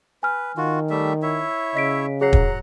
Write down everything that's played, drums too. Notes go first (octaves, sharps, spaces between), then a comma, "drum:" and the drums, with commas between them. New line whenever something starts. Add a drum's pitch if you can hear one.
B4 G#5 F6
D#3 F4 F#4
G3 A3 E5
E4 C#5 E5
C#3 D#5 B6 D7
F#3 G#4 C#5 F#5 A#5 C7
drum: kick